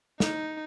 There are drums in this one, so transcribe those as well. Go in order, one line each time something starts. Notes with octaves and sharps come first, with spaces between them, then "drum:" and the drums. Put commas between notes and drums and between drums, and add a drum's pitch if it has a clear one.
D#4, drum: snare